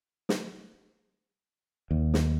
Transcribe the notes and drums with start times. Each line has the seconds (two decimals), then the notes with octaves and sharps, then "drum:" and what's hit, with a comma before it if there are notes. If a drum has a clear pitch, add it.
0.29 drum: snare
1.91 D#2
2.14 drum: snare